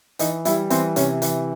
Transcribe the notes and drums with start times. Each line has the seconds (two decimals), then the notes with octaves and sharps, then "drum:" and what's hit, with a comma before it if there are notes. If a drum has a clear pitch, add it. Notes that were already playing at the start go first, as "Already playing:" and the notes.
0.19 E3 D#4, drum: hi-hat
0.45 G3 E4, drum: hi-hat
0.70 E3 C4, drum: hi-hat
0.96 C3 C#4, drum: hi-hat
1.22 E3, drum: hi-hat